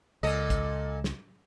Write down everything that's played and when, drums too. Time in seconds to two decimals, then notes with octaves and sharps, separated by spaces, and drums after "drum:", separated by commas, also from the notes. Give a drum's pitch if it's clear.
0.23 C#2 A#2 A4 D#5
0.50 drum: kick, hi-hat
1.04 drum: snare